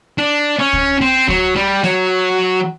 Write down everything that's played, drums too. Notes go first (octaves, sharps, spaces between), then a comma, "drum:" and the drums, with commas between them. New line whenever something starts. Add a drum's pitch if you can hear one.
D4
C#4
drum: kick
C4
F#3, drum: kick
G3
F#3, drum: snare